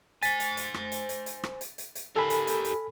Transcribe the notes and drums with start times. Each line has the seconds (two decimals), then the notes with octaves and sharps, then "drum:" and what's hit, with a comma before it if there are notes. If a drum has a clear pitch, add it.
0.23 C5 G#5 A6 B6, drum: hi-hat
0.40 drum: hi-hat
0.57 drum: hi-hat
0.74 drum: rim click
0.92 drum: hi-hat
1.09 drum: hi-hat
1.26 drum: hi-hat
1.43 drum: rim click
1.61 drum: hi-hat
1.78 drum: hi-hat
1.95 drum: hi-hat
2.16 G4 A4 A#4 G#5 B5
2.30 drum: hi-hat
2.47 drum: hi-hat
2.64 drum: hi-hat